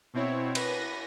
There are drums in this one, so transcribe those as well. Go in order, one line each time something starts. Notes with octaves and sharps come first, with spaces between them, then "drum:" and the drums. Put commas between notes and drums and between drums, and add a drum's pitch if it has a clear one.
B2 C4 E4 C#5
B4 A#6 D#7, drum: cymbal